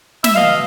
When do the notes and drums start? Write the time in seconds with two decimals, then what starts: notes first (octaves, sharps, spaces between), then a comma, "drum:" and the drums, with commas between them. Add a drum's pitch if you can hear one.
0.24 E5, drum: snare
0.34 B2 D#5 F5